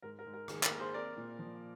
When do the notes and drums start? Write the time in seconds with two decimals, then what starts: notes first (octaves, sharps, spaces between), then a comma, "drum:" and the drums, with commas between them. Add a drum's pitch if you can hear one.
0.02 G#2 A#4
0.19 A#4
0.26 G#2
0.33 A#4
0.48 D#3 G#4, drum: rim click
0.63 A#4, drum: clap
0.71 A#3
0.79 G#4 C5
0.94 C4 A#4 D5
1.17 A#2
1.39 F3